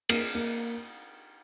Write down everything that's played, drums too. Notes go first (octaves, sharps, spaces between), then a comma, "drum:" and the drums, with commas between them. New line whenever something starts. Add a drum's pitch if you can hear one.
A#3, drum: cymbal
A#3